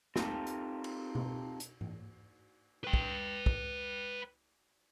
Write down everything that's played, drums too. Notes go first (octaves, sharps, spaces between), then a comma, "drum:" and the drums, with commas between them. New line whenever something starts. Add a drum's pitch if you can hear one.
C4 D#4 F4 G4 A4 A#4, drum: snare
drum: hi-hat
drum: cymbal
drum: tom B2
drum: hi-hat
drum: tom
B4 G5
drum: kick
drum: kick